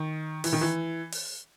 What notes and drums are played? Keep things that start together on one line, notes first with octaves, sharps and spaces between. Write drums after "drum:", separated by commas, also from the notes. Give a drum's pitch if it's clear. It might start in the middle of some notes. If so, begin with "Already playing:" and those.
Already playing: D#3
E3, drum: open hi-hat
D#3
E3
drum: open hi-hat